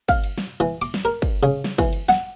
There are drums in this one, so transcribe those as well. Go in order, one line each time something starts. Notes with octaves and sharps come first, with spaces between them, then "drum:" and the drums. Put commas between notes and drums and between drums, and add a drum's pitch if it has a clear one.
F5, drum: kick, cymbal
drum: cymbal
drum: snare
E3
D6, drum: cymbal
drum: snare
A#4
drum: kick, cymbal
C#3
drum: snare
E3, drum: kick, cymbal
drum: cymbal
F#5, drum: snare